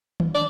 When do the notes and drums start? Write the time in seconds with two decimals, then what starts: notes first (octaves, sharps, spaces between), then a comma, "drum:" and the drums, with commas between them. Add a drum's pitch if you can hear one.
0.20 drum: tom D#3
0.34 D5